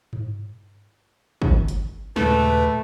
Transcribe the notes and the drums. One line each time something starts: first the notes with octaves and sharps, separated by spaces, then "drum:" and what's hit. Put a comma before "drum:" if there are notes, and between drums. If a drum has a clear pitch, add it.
drum: tom G2
drum: kick
drum: hi-hat
D#2 A#2 C#3 A3 B4, drum: snare